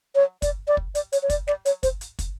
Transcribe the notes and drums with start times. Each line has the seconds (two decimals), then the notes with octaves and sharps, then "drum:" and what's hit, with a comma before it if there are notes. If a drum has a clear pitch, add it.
0.15 C#5
0.42 D5, drum: kick, hi-hat
0.68 D5
0.77 drum: kick
0.95 D5, drum: hi-hat
1.12 C#5, drum: hi-hat
1.23 C#5
1.30 D5, drum: kick, hi-hat
1.47 D5, drum: snare
1.65 C#5, drum: hi-hat
1.83 C5, drum: kick, hi-hat
2.01 drum: hi-hat
2.19 drum: kick, hi-hat